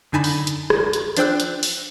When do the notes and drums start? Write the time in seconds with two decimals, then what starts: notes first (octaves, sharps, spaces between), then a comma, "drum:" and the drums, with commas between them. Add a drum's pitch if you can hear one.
0.12 F#2 D3 D#4 G#5 A5 B5
0.24 drum: open hi-hat
0.47 drum: hi-hat
0.70 drum: rim click
0.93 drum: hi-hat
1.17 F3 D4 C5 G5 E6 F#6, drum: hi-hat
1.40 drum: hi-hat
1.63 drum: open hi-hat